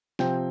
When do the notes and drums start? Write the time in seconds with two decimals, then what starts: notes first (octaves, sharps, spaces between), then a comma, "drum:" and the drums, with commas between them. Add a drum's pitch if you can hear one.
0.19 C3 F3 C4 G5, drum: snare